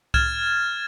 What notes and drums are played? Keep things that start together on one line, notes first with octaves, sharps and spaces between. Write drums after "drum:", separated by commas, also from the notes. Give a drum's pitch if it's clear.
F6 G#6 A6 E7, drum: kick C2